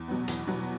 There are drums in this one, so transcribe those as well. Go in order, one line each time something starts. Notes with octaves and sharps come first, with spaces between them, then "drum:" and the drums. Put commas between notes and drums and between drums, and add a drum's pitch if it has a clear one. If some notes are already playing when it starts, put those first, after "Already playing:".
Already playing: E2
B2 F#3 B3
E2, drum: hi-hat
B2 F#3 B3